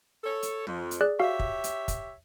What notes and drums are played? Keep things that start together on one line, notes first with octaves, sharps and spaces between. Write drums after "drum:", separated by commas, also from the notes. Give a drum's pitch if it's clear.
A4 C#5
drum: hi-hat
F2, drum: tom
drum: hi-hat
G#4 D5 F#6
F#4 G4 C#5 E5 F5
drum: kick
drum: hi-hat
drum: kick, hi-hat